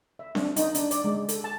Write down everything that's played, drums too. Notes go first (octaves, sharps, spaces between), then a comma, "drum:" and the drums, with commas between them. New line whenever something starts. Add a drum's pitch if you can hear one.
E5
D4, drum: snare C4
D#4, drum: hi-hat
D4, drum: hi-hat
D5, drum: hi-hat
G#3
A4, drum: hi-hat
A5